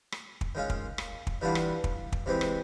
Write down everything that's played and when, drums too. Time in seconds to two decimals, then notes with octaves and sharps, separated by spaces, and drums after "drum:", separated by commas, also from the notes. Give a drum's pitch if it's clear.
0.12 drum: rim click
0.41 drum: kick
0.55 D#3 G#3 C#4 F4
0.70 drum: kick
0.98 drum: rim click
1.27 drum: kick
1.41 E3 G3 B3 D4 F4
1.55 drum: rim click
1.84 drum: kick
2.12 drum: kick
2.26 C3 E3 G#3 C4
2.41 drum: rim click